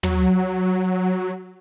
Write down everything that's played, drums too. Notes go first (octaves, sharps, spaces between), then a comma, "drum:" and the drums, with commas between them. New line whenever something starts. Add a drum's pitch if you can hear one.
F#3, drum: tom